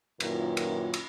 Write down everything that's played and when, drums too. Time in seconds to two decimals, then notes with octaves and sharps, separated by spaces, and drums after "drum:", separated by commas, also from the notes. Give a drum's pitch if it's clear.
0.20 F#2 A#2 D#3 E4 F4 B4, drum: cymbal
0.57 drum: cymbal
0.94 drum: cymbal